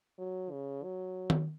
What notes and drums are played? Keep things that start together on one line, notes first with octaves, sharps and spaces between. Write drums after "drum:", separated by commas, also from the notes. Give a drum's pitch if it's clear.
F#3
C#3
F#3
drum: tom D#3